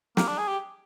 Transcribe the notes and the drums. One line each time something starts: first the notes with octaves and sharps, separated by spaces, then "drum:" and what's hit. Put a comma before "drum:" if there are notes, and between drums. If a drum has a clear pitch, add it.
A#3, drum: snare
D4
G#4
G4